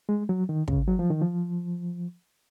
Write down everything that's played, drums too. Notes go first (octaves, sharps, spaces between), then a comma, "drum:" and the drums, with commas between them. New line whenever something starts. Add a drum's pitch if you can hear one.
G#3
F#3
D#3
C#3, drum: kick
F#3
F3
D#3
F3